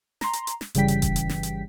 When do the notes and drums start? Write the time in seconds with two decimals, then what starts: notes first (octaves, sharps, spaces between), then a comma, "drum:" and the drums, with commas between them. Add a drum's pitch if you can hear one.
0.21 A#5 C6, drum: snare
0.33 drum: hi-hat
0.47 drum: hi-hat
0.61 drum: snare
0.75 G1 C#3 E3 G3 G5 B6, drum: hi-hat
0.88 drum: hi-hat
1.02 drum: kick E1, hi-hat
1.16 drum: hi-hat
1.29 drum: snare
1.43 drum: hi-hat